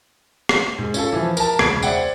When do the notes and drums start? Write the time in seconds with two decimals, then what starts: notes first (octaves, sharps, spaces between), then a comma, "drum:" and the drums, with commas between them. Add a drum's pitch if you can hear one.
0.49 drum: rim click
0.78 G#2
0.94 C#4 F4 A4, drum: tambourine
1.13 E3 F3
1.37 A#4 A5, drum: tambourine
1.59 E1 C#2 G#6 D7, drum: rim click
1.82 C5 D5 E5 F#5 G5, drum: tambourine